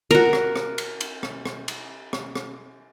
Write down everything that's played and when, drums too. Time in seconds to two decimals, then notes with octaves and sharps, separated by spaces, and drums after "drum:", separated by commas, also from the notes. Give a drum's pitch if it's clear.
0.11 F#4 A#4, drum: cymbal
0.33 drum: rim click
0.56 drum: rim click
0.78 drum: cymbal
1.01 drum: cymbal
1.23 drum: rim click
1.46 drum: rim click
1.68 drum: cymbal
2.13 drum: rim click
2.35 drum: rim click